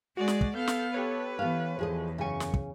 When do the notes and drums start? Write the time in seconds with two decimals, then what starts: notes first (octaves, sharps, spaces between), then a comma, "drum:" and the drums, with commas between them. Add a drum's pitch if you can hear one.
0.17 G#3 F#4 G#4 D5
0.28 drum: snare
0.41 drum: kick
0.55 B3 A4 F5 G6
0.68 drum: snare
0.94 G4 A4 B4 C#5
1.39 E3 B3 F5
1.79 E2 F3 G#4 D#5
2.18 F#2 C#3 G#5 C#6
2.40 drum: snare
2.54 drum: kick